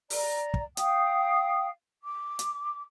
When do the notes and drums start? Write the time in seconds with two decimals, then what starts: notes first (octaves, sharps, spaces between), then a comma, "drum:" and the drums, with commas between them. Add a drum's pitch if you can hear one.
0.10 D5 A#5, drum: open hi-hat
0.54 drum: kick
0.77 F5 G5 D#6, drum: hi-hat
2.02 D6
2.39 drum: hi-hat